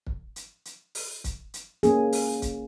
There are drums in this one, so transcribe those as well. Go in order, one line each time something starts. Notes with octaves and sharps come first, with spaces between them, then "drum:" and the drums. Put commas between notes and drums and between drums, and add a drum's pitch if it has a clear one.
drum: kick
drum: hi-hat
drum: hi-hat
drum: open hi-hat
drum: kick, hi-hat
drum: hi-hat
A#3 C#4 G#4, drum: hi-hat
drum: open hi-hat
drum: kick, hi-hat